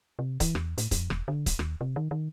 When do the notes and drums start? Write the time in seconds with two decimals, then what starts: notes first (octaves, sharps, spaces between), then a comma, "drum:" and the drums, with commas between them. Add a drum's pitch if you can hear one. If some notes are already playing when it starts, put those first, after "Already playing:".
0.19 C3
0.40 E3, drum: kick C#1, hi-hat
0.55 E2, drum: rim click
0.78 A2, drum: hi-hat
0.91 F2, drum: kick C#1, hi-hat
1.10 E1, drum: rim click
1.28 D3
1.46 F1, drum: kick C#1, hi-hat
1.59 D#2, drum: rim click
1.81 C3
1.96 D#3
2.11 D#3